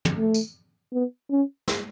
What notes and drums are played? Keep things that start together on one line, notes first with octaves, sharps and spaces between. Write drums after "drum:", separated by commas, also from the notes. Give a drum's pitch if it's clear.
drum: tom
A3
drum: tambourine
B3
C#4
drum: snare